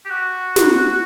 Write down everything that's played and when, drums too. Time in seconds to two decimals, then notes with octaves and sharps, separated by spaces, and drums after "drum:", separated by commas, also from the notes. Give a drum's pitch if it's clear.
0.05 G4
0.09 F#4
0.56 drum: snare